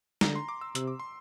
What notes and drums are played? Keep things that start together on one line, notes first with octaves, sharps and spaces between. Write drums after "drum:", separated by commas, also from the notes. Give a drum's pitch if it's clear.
D3 A#5, drum: snare
C6
D6
E6
C3 E6, drum: hi-hat
D6
C6